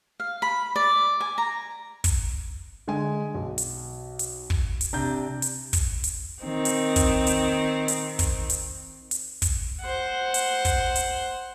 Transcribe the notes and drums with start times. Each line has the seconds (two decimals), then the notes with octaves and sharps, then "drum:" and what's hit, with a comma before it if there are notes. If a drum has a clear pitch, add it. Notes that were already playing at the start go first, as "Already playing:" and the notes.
0.20 F5
0.42 B5
0.76 D5
1.20 G#5
1.38 A#5
2.04 drum: kick, hi-hat
2.87 D3 G#3 G#5
3.35 B1
3.58 drum: hi-hat
4.19 drum: hi-hat
4.50 drum: kick
4.81 drum: hi-hat
4.93 C3 D4 A#5 G6
5.42 drum: hi-hat
5.73 drum: kick, hi-hat
6.04 drum: hi-hat
6.43 D#3 C4
6.65 drum: hi-hat
6.96 drum: kick, hi-hat
7.27 drum: hi-hat
7.88 drum: hi-hat
8.19 drum: kick, hi-hat
8.50 drum: hi-hat
9.11 drum: hi-hat
9.42 drum: kick, hi-hat
9.81 C5 F#5
10.34 drum: hi-hat
10.65 drum: kick, hi-hat
10.96 drum: hi-hat